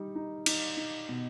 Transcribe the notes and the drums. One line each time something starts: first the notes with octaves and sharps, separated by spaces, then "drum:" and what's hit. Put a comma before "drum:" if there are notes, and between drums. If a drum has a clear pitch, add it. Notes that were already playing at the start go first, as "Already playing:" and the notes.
Already playing: G3 D#4
D#4
D#4, drum: cymbal
D#4
B2